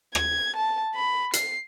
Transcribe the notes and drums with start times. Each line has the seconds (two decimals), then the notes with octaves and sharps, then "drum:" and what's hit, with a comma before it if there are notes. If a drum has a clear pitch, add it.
0.15 G#6, drum: rim click
0.56 A5
0.95 B5
1.33 C7, drum: hi-hat